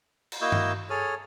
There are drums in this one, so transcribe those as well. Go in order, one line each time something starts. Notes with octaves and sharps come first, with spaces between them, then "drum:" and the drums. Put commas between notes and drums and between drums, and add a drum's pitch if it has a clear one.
drum: cymbal
A#3 E4 F#4 D#5 E6 G6
drum: tom G2
G#4 A4 C#5 D#6 F6